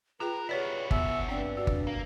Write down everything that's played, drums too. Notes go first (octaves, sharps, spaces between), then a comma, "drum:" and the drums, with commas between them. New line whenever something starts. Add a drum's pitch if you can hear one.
F4 G#4 A#4 B4 G5
E4 F#4 G4 B4 C#5 D5
B3 E5 E6, drum: kick G1
G2 C4 D4 G5
F#4 D5
drum: kick G1
A#3